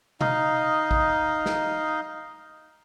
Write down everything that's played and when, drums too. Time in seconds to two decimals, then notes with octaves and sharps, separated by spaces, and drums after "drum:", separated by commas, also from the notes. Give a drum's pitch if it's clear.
0.21 D#4 D#5 F5, drum: tom B2
0.91 drum: kick G#1
1.46 drum: snare